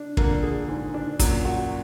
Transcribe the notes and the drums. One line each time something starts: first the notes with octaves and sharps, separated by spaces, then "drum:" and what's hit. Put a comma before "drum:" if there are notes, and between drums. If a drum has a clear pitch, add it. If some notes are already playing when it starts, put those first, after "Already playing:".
Already playing: D4
A#2 D3 A#3, drum: kick
G#4
G#2
D4
F#2 A#2 F#3, drum: kick, hi-hat
F#4